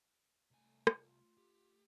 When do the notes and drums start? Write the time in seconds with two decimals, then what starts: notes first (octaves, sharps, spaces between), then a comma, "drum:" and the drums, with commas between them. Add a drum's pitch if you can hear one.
0.51 C2 A3 G#5
0.87 drum: rim click
0.97 F4
1.37 G4